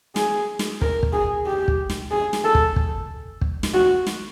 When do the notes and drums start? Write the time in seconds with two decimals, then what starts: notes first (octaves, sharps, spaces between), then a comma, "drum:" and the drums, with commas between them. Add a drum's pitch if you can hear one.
0.16 G#4, drum: snare
0.59 drum: snare
0.81 A#4, drum: kick
1.03 drum: kick
1.13 G#4
1.47 G4
1.68 drum: kick
1.90 drum: snare
2.11 G#4
2.33 drum: snare
2.44 A4
2.55 drum: kick
2.76 drum: kick
3.41 drum: kick
3.63 drum: snare
3.74 F#4
4.07 drum: snare